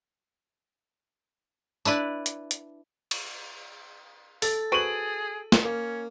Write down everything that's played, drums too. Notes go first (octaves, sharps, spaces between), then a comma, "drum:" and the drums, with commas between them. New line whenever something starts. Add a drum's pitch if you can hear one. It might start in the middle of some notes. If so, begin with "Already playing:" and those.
D4 E4 B4 D5, drum: tambourine
drum: hi-hat
drum: hi-hat
drum: cymbal
A4 A6, drum: open hi-hat
F#4 G#4 B4 C5 D7 D#7 F#7
drum: snare
A#3 C#4